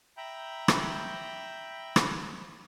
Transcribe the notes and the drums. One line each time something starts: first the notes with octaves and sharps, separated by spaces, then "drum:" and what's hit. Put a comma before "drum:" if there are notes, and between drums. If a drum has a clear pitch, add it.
E5 G5 A#5 B5 G6
drum: rim click
drum: rim click